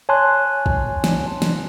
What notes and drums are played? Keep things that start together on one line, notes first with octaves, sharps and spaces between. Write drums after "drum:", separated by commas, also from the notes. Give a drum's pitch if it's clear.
C#5 G#5 A5 C6 F#6
drum: kick
drum: snare
drum: snare